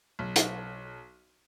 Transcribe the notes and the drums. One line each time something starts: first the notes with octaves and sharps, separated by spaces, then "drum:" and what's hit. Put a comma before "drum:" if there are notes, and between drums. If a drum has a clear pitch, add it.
B1
drum: hi-hat